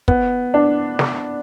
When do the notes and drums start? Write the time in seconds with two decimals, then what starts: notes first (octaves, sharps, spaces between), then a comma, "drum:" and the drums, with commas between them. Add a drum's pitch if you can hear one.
0.08 B3, drum: kick
0.54 D4
0.99 drum: snare